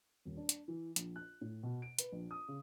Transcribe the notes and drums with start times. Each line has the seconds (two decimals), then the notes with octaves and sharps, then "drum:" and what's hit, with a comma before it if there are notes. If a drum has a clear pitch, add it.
0.25 D#1
0.37 D4
0.49 drum: hi-hat
0.68 E3
0.96 A#1, drum: hi-hat
1.16 F#6
1.41 A2
1.63 B2
1.82 D7
1.99 B4, drum: hi-hat
2.12 A#1
2.31 D#6
2.48 C#3